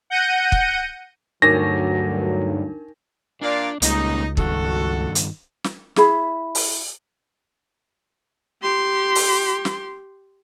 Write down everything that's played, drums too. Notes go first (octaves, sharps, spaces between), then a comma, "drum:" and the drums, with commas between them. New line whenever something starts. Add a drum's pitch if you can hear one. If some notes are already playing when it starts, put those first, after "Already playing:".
F#5 G6 A#6 C#7 D#7
drum: kick
D2 G2 F#3 D4 D#4 A#4 A#6
A#2 D4 D5 F5
C#2 G3 A#3 C#4 D#4, drum: hi-hat
G2 D#3 F#4 A4, drum: kick
drum: hi-hat
drum: snare
E4 G#4 B5, drum: snare
drum: open hi-hat
G4 C6
drum: open hi-hat
drum: snare